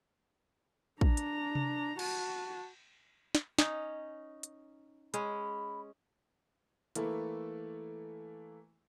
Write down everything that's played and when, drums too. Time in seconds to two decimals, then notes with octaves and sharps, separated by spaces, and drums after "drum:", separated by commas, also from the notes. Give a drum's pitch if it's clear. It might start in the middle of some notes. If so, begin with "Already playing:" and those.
1.01 D4 A#5, drum: kick
1.17 drum: hi-hat
1.55 drum: tom C3
1.99 F#4 A5, drum: cymbal
3.35 drum: snare
3.58 C#4 D#4, drum: snare
4.43 drum: hi-hat
5.14 G#3 C#4 B5, drum: hi-hat
6.95 E3 A3 A#3 E4 A4, drum: hi-hat